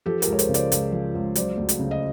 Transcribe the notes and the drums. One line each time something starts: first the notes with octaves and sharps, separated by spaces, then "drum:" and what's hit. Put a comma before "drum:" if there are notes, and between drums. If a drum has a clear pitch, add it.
F3 G4 A4
G#4 A#4, drum: hi-hat
C#2
C#5
A#4 C5, drum: hi-hat
C#3
C5 D5, drum: hi-hat
C#2, drum: hi-hat
F3
C#2
F#3 C5 D5, drum: hi-hat
D2
drum: hi-hat
C#3
D#5